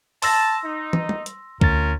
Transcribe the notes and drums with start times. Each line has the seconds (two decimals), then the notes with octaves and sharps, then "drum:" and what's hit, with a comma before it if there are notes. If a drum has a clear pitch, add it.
0.22 A5 C6 E6 A#6, drum: open hi-hat
0.65 D#4
0.93 drum: tom
1.09 drum: tom G3
1.26 drum: hi-hat
1.61 D2 C#4 F4 A#4 A6, drum: kick C2